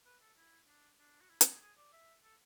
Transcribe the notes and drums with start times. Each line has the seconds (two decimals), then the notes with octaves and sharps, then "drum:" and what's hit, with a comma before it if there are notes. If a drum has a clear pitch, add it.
0.06 B4
0.21 A4
0.37 E4
0.68 D4
0.99 D4
1.21 F#4
1.30 E4
1.41 F#4, drum: hi-hat
1.51 G#4
1.61 G#4
1.77 D5
1.93 E5
2.24 A4